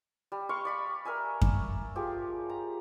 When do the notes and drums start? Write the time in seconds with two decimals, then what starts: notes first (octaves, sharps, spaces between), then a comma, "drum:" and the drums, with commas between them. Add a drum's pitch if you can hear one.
0.32 G3
0.49 F5 C6 C#6
0.65 D5 B5 C#6
1.05 A#4 E5 G#5
1.41 drum: kick F#2
1.96 F3 G4 G#4
2.49 A#5